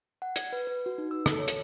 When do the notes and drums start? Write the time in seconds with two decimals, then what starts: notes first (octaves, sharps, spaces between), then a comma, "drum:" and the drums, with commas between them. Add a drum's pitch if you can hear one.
0.22 F#5
0.36 G#6, drum: hi-hat
0.52 B4
0.67 B4
0.86 F#4
0.98 D#4
1.11 E6
1.26 A4, drum: rim click
1.39 C#5
1.48 drum: hi-hat